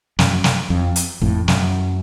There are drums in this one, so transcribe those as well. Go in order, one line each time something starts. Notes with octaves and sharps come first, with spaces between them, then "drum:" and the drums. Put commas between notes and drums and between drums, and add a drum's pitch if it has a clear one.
F#2, drum: snare
drum: snare
F2
drum: hi-hat
F2 A2, drum: kick
F#2, drum: snare